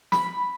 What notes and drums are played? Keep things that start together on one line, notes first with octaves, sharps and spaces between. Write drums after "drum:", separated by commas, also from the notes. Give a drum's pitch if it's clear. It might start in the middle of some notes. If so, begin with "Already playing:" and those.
B5, drum: snare